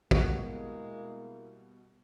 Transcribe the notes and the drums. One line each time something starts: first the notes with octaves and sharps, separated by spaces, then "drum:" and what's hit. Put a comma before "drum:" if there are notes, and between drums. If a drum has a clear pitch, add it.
B2 G3 G#3 A#3 E4 F#4 A#4, drum: kick